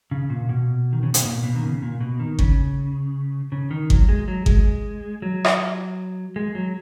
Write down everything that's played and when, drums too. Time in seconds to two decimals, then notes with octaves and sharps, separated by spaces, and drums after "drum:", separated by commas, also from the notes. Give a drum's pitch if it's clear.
0.11 C#3
0.30 A#2
0.49 B2
0.93 D#3
1.03 C#3
1.14 B2, drum: hi-hat
1.25 A#2
1.43 B2
1.56 D#3
1.63 C#3
1.82 A#2
2.01 B2
2.20 D#3
2.39 C#3, drum: kick G#1
3.52 C#3
3.71 D#3
3.90 F#3, drum: kick G#1
4.09 G#3
4.28 F#3
4.46 G#3, drum: kick G#1
5.22 F#3
5.45 drum: rim click
6.36 G#3
6.55 F#3